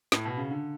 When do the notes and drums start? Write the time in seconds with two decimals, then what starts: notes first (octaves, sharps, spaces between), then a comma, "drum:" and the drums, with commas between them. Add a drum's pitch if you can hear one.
0.12 A2, drum: snare
0.25 B2
0.37 C#3
0.50 D3